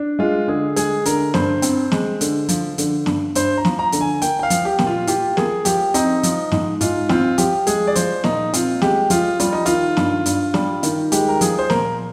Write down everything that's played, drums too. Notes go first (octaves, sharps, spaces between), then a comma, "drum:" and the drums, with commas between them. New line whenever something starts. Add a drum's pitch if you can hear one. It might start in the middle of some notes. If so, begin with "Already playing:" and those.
Already playing: D4
G#3 F4
D3 G#4
G#3 G#4, drum: hi-hat
D3 A#4, drum: hi-hat
G2 C5, drum: snare
C4, drum: hi-hat
G#3, drum: snare
D3, drum: hi-hat
F3, drum: hi-hat
D3, drum: hi-hat
G2, drum: snare
G2 C5, drum: hi-hat
A#5
F3, drum: snare
A#5
D3, drum: hi-hat
G#5
A#3 G5, drum: hi-hat
G5
F5
F3, drum: hi-hat
G4
A#2, drum: snare
F4
F4 G4, drum: hi-hat
A#3 G#4, drum: snare
F3 G4, drum: hi-hat
C4 D#4, drum: hi-hat
F3, drum: hi-hat
G#2, drum: snare
G#2 F4, drum: hi-hat
C4 F4, drum: snare
F3 G4, drum: hi-hat
G#3 G#4, drum: hi-hat
D5
F3 C5, drum: hi-hat
A#2 D#4, drum: snare
C4 F4, drum: hi-hat
G#3 G4, drum: snare
F3 F4, drum: hi-hat
G3 F4, drum: hi-hat
D#4
D#3 F4, drum: hi-hat
G2, drum: snare
G2, drum: hi-hat
G3, drum: snare
D#3, drum: hi-hat
G#3 G4, drum: hi-hat
A#4
F3 G#4, drum: hi-hat
C5
A#2 A#4, drum: snare